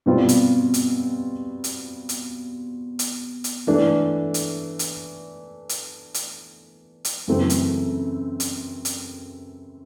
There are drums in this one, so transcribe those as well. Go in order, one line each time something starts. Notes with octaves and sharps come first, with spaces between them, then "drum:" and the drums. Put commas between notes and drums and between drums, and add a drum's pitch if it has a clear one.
B2 G3 C4 F4
drum: hi-hat
drum: hi-hat
drum: hi-hat
drum: hi-hat
drum: hi-hat
drum: hi-hat
E3 A3 D4
drum: hi-hat
drum: hi-hat
drum: hi-hat
drum: hi-hat
drum: hi-hat
F#2 C#3 E3 A3 C4
drum: hi-hat
drum: hi-hat
drum: hi-hat